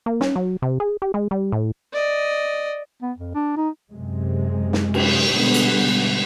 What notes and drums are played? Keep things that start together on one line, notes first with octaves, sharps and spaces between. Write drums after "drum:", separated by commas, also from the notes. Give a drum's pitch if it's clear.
A#3
C#4, drum: snare
F#3
C3
G#4
G4
G#3
G3
A2
D5 D#5
B3
F2
D4
D#4
F#2 C3 G#3
drum: snare
drum: cymbal
B2 D3 G3 G#3 B3
drum: hi-hat